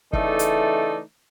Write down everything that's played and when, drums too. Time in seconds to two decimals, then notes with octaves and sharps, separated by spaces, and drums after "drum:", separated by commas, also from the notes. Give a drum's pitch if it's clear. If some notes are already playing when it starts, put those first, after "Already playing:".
0.13 C#3 E3 A3 D#4 A4 D5, drum: kick
0.39 drum: hi-hat